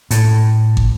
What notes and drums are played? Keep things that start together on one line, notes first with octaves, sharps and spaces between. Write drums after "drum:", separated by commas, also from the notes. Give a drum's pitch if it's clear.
A2, drum: hi-hat
drum: kick